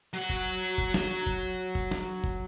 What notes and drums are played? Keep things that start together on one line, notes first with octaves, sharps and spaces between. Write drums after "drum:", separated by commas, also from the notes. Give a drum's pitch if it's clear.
F#3 F#5
drum: kick G1
drum: kick G1
drum: snare
drum: kick G1
drum: kick G1
drum: snare
drum: kick G1